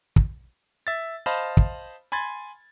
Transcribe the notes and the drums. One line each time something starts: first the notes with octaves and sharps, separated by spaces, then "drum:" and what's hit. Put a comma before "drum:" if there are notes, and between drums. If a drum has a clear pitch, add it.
drum: kick
E5 A6
C5 D#5 F5 A5 B5
drum: kick
G#5 B5 C6 G#6 A6